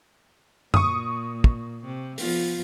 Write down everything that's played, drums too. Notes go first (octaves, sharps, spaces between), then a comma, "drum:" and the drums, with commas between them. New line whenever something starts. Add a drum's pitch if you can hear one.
A#2 C#6 D#6, drum: tom F#2
drum: kick
C3
F3 B3 F4, drum: open hi-hat